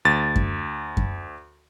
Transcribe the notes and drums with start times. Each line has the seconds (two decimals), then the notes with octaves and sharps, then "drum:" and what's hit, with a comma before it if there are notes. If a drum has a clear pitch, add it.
0.05 D2 A6
0.36 drum: kick F#2
0.97 drum: kick F#2